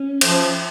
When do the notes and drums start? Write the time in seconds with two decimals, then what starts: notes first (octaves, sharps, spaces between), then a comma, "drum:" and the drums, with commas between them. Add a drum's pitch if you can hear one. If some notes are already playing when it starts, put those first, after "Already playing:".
Already playing: C#4
0.21 F3, drum: cymbal